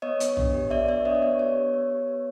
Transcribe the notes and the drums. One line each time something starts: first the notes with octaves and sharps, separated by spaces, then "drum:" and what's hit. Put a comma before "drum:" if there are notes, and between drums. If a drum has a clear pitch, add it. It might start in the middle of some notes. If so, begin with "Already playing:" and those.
B3 C#5 D#5
B3, drum: hi-hat
D4, drum: tom A#1
G4
B3 D5 E5
B3 D5 E5
D4 C#5 D#5
D5
B3 C#5
G4 C#5
B3
B3
G4
B3